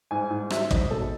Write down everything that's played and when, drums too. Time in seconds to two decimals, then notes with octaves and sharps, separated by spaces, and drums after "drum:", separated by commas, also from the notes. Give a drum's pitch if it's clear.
0.11 G#2 G#5
0.31 G#2
0.50 F#3 E5, drum: rim click
0.71 G#2 D#5, drum: kick
0.90 B2 A4